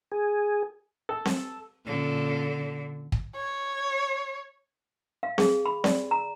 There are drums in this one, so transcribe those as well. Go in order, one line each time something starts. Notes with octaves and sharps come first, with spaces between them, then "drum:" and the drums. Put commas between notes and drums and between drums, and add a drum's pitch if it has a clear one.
G#4
A4
drum: snare C4
A#2 D3 C#4 A4
drum: kick
C#5
F5
G#4, drum: snare C4
B5
D5, drum: snare C4
A#5